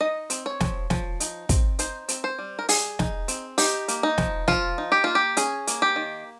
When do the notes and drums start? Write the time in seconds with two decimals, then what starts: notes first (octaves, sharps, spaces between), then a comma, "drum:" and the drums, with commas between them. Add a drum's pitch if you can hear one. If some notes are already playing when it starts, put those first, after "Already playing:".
0.01 D#4 D#5
0.30 C4, drum: hi-hat
0.46 C#5
0.60 F3, drum: snare
0.90 F3, drum: snare
1.20 D#4, drum: hi-hat
1.49 C4, drum: kick, hi-hat
1.79 D#4 C5, drum: hi-hat
2.09 C4, drum: hi-hat
2.24 C5
2.39 G3
2.59 A#4
2.69 G3 G#4, drum: open hi-hat
2.99 D#4, drum: snare
3.28 C4, drum: hi-hat
3.58 D#4 G4, drum: open hi-hat
3.88 A#3, drum: hi-hat
4.03 D#4
4.18 F3, drum: snare
4.48 F3 F4, drum: snare
4.78 D#4
4.92 G4
5.04 A#3 F4
5.15 G4
5.37 C#4 G#4, drum: hi-hat
5.67 A#3, drum: hi-hat
5.82 G4
5.96 D#3